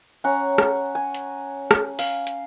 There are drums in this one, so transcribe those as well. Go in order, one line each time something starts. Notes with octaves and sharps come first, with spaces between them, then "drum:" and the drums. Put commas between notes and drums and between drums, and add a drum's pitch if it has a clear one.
C#4 F#5 G#5 A#5
drum: rim click
G#5
drum: hi-hat
drum: rim click
F5, drum: open hi-hat
drum: hi-hat